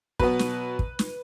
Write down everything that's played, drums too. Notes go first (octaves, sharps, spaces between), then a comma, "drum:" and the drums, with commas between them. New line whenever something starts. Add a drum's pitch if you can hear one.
B2 F#3 B3 B4, drum: kick
drum: snare
drum: kick
drum: snare